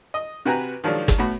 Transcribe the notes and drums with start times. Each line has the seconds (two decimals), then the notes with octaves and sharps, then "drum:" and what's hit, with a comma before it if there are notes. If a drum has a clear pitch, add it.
0.14 D#5
0.45 C3 F#4 B4 G5 G#5 A#5
0.84 D#3 F3 F#3 G#3 D4
1.08 drum: kick G1, hi-hat
1.18 A2 B3 F#4 B5